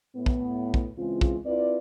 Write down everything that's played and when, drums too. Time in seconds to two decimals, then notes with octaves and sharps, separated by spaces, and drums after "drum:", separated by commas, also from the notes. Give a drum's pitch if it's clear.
0.16 A2 B3
0.26 drum: kick
0.74 drum: kick
0.98 C#3 E3 G#3 C4 F4
1.21 drum: kick
1.45 C4 E4 F4 B4 D5